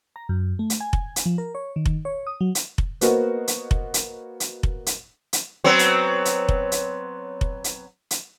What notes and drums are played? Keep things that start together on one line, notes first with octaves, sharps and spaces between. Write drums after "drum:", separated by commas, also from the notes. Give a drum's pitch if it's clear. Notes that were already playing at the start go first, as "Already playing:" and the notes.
A#5
F#2
A3
drum: hi-hat
G#5
drum: kick F1
drum: hi-hat
F3
A#4
C#5
D#3
drum: kick F1
C#5
D#6
F#3
drum: hi-hat
drum: kick F1
A#3 B3 F#4 A#4 C5 D#5, drum: hi-hat
drum: hi-hat
drum: kick F1
drum: hi-hat
drum: hi-hat
drum: kick F1
drum: hi-hat
drum: hi-hat
F#3 B3 C4
drum: hi-hat
drum: hi-hat
drum: kick F1
drum: hi-hat
drum: kick F1
drum: hi-hat
drum: hi-hat